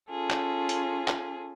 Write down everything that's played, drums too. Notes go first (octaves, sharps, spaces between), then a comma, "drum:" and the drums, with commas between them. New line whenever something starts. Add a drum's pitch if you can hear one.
C#4 F4 G#4 A4
drum: clap
drum: hi-hat
drum: clap